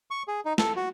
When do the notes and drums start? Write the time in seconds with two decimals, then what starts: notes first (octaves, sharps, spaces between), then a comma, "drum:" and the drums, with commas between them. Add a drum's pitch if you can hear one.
0.11 C#6
0.28 G#4
0.45 D#4
0.58 A4, drum: snare
0.76 F#4